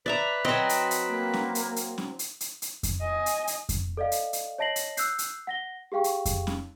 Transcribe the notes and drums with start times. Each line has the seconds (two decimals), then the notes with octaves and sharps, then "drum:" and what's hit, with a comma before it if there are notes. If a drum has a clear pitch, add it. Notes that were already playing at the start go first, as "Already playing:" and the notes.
0.06 B4 D5 E5 A#5
0.45 F#3 C4 D#5
0.69 drum: hi-hat
0.91 drum: hi-hat
1.08 A#3
1.34 drum: snare C#4
1.55 drum: hi-hat
1.76 drum: hi-hat
1.98 drum: snare C#4
2.19 drum: hi-hat
2.40 drum: hi-hat
2.62 drum: hi-hat
2.83 drum: kick F2, hi-hat
3.01 D#5 G#5
3.26 drum: hi-hat
3.47 drum: hi-hat
3.69 drum: kick F2, hi-hat
3.97 A4 D5 D#5 F5
4.12 drum: hi-hat
4.33 drum: hi-hat
4.59 C#5 D#5 A5 A#6 C7 F#7
4.76 drum: hi-hat
4.97 E6 F#6 G6 C7, drum: hi-hat
5.19 drum: hi-hat
5.47 F#5 A#6 G7
5.92 G4 G#4 F5 G5 C#6
6.04 drum: hi-hat
6.25 drum: kick F2, hi-hat
6.47 drum: snare C#4